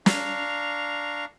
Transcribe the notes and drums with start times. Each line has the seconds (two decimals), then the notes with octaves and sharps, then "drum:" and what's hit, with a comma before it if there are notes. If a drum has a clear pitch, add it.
0.06 D4 F5 A#5 C#6, drum: snare